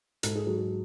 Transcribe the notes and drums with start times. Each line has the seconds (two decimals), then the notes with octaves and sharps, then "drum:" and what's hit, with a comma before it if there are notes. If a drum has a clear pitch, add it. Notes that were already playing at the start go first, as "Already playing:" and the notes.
0.23 G#2 A4, drum: hi-hat
0.36 G#4
0.46 F#3 G#4
0.58 G#4